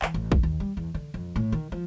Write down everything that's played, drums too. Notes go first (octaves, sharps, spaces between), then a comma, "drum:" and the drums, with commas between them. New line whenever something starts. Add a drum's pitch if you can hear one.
E3, drum: clap
A1
E1, drum: kick A#1
D#2
G3
E2
D3
F2
A2
D#3
F3